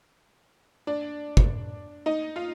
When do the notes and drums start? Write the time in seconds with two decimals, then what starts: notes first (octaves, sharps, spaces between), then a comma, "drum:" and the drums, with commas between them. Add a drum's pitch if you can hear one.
0.87 D4 D5
1.37 drum: kick
2.06 D#4 D#5
2.36 F4 F5